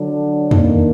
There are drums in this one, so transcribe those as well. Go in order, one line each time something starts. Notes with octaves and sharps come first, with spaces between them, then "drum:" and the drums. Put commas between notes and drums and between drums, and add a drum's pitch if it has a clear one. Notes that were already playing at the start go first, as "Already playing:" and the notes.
Already playing: D3 F#3 D4
D#3 A#3 D4, drum: tom E2